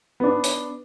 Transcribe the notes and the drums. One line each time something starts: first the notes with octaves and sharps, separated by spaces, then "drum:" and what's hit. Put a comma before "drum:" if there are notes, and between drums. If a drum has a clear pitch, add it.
B3 D4
drum: hi-hat